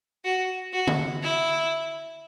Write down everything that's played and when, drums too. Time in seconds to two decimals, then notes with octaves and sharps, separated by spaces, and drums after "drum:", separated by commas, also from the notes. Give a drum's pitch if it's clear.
0.24 F#4
0.73 F#4
0.87 drum: tom
1.23 E4